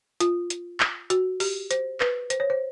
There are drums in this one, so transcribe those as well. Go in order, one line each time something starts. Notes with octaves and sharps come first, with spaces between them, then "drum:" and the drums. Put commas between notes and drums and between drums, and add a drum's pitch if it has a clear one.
F4, drum: hi-hat
drum: hi-hat
drum: clap
F#4, drum: hi-hat
G4, drum: open hi-hat
C5, drum: hi-hat
B4, drum: clap
C5, drum: hi-hat
C#5
C5